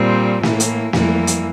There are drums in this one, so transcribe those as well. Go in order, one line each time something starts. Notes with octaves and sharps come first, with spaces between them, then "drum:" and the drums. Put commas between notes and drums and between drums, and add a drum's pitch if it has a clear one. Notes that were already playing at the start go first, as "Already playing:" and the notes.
Already playing: A#2 G3 C4
A2 E3 A#3, drum: snare
drum: hi-hat
F2 E3 G3 A#3, drum: snare
drum: hi-hat